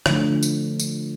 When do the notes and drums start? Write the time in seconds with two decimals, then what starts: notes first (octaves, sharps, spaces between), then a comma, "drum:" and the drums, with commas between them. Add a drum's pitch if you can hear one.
0.06 D3 F3 A3, drum: rim click
0.43 drum: tambourine
0.80 drum: tambourine